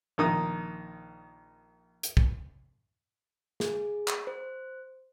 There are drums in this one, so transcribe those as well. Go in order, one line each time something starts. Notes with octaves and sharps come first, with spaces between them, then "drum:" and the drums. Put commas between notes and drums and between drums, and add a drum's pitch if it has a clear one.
A#1 D#3 D#6
drum: hi-hat
drum: kick
G#4, drum: snare
drum: clap
C5